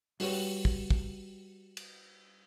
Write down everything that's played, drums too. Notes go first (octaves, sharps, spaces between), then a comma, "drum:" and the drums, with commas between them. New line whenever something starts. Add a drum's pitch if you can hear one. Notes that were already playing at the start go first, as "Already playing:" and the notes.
G3 F#4 G4 B4 C#5, drum: open hi-hat
drum: kick
drum: kick
drum: cymbal